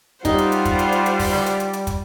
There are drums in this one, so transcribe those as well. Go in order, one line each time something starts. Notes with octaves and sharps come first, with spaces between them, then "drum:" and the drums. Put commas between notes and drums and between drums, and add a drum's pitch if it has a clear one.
G3 D#4 F4 C5 F#5, drum: kick, hi-hat
drum: hi-hat
drum: hi-hat
drum: kick, hi-hat
drum: hi-hat
drum: hi-hat
drum: hi-hat
drum: kick, open hi-hat
drum: snare
drum: hi-hat
drum: hi-hat
drum: hi-hat
drum: kick, hi-hat